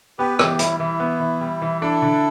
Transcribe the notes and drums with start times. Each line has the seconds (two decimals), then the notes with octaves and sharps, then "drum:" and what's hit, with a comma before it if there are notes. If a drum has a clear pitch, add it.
0.19 B3 G4 B4
0.39 E3 G4, drum: rim click
0.59 G3 E4, drum: hi-hat
0.80 E3 E4
1.00 B3
1.20 E3
1.41 G3
1.62 E3
1.81 D4 E4 A4
2.02 D3